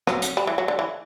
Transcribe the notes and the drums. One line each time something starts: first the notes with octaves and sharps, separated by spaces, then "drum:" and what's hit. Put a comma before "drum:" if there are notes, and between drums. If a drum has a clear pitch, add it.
F#3, drum: rim click
drum: hi-hat
G3
E3
F#3
D3
E3